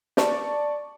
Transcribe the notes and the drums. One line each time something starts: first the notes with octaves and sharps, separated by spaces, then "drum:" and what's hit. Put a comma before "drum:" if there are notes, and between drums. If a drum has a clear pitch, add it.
D5 A5 C#6, drum: snare